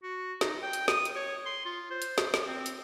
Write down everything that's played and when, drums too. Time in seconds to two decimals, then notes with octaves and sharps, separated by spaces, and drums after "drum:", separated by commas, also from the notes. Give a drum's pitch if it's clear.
0.03 F#4
0.41 D#4, drum: snare
0.63 G5
0.73 drum: hi-hat
0.88 D#6, drum: snare
1.05 drum: hi-hat
1.16 C#5
1.45 C6
1.65 F4
1.91 C5
2.02 drum: hi-hat
2.18 drum: snare
2.34 drum: snare
2.47 C4
2.66 drum: hi-hat